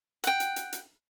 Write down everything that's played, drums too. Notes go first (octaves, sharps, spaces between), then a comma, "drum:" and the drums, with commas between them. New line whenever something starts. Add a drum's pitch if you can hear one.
F#5 G5, drum: hi-hat
drum: hi-hat
drum: hi-hat
drum: hi-hat